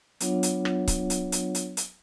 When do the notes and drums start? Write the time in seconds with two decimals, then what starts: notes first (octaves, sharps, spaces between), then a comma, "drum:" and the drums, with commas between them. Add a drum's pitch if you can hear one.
0.20 F#3 B3 D4 F4 C#5 F#5, drum: hi-hat
0.43 drum: hi-hat
0.65 drum: rim click
0.88 drum: kick C#1, hi-hat
1.10 drum: hi-hat
1.32 drum: hi-hat
1.55 drum: hi-hat
1.77 drum: hi-hat